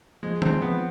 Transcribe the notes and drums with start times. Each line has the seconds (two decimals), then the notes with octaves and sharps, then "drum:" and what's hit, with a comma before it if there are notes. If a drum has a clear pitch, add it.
0.23 F3 G#3
0.42 G#3 C4, drum: tom D#3
0.61 F3 B3